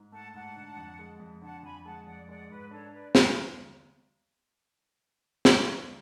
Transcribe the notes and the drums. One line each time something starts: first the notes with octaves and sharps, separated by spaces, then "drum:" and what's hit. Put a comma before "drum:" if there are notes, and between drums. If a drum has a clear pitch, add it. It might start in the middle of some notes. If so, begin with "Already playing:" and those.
Already playing: G#2
A3 F#5 A5
G#2 F#5 A5
D3
F2
G#3
F2
D3 F#5 A5
F2 G#5 B5
G#3 F#5 A5
F2 D5 F#5
G#3 D5 F#5
G#2 B4
D4 A4 C#5
B4 D5
drum: snare
drum: snare